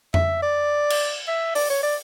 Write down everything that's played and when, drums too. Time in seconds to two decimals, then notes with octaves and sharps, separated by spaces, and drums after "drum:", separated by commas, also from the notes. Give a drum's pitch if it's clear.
0.14 E5, drum: tom F2
0.42 D5
0.90 drum: cymbal
1.28 E5
1.55 D5, drum: open hi-hat
1.70 C#5
1.83 D5